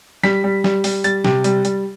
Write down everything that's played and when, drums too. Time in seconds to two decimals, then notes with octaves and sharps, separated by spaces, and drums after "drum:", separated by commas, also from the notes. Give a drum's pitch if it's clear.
0.24 G3 B6, drum: snare
0.44 G3
0.64 G3, drum: snare
0.84 G3, drum: open hi-hat
1.04 G3 A6, drum: hi-hat
1.25 C3, drum: snare
1.44 G3, drum: hi-hat
1.65 G3, drum: hi-hat